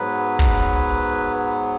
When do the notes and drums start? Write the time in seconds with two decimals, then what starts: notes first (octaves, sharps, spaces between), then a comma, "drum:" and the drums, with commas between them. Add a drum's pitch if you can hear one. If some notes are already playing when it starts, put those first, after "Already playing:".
Already playing: G#2 F#3 B3 B4
0.39 drum: kick